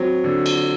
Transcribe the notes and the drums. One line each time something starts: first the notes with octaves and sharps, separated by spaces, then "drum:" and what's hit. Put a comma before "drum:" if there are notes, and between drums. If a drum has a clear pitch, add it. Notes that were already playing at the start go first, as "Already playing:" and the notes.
Already playing: F#3 C4
D3
drum: cymbal